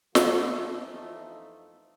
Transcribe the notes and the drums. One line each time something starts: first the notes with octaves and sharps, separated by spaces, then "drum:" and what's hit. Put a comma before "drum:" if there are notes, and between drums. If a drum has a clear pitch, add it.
F2 E3 A3 D#4 F4, drum: snare